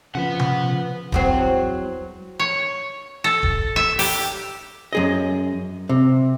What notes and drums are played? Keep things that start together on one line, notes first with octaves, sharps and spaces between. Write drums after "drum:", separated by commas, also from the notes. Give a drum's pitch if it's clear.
C#3 F3 B4 F#5
drum: tom C3
E2 F#3 C4, drum: kick
C#5
A4
drum: kick
E5
G4, drum: open hi-hat
F#2 G#4 D#5
C3